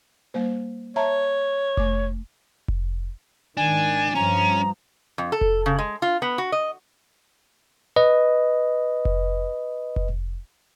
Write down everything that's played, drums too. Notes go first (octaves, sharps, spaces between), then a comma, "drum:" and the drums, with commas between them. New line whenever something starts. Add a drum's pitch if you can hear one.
G3 A#3 C5
C#5 E5 A5 A#5
A3 D6, drum: kick F1
drum: kick F1
G#1 D#3 D4 G#5
G2 F3 C#4 A#5
F2
A4
drum: kick F1
C#3
G#3
F4
B3
F#4
D#5
B4 D#5
drum: kick F1
drum: kick F1